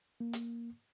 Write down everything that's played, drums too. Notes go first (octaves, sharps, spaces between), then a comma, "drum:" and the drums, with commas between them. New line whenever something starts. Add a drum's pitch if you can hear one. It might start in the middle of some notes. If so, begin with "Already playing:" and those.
A#3
drum: hi-hat